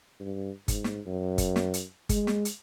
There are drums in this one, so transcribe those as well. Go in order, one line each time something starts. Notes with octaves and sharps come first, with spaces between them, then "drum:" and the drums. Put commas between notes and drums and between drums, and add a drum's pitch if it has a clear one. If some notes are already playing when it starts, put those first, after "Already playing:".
G2
G#2, drum: kick G1, hi-hat
drum: snare
F#2
drum: kick G1, hi-hat
drum: snare
drum: hi-hat
G#3, drum: kick G1, hi-hat
drum: snare
drum: hi-hat